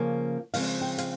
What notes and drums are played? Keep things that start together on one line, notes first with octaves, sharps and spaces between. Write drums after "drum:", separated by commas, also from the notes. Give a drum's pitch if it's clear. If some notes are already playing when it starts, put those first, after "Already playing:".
Already playing: C#3 F3 A#3 C#4
C#3 F3 G#3 C4 F5, drum: open hi-hat
G5
F5, drum: hi-hat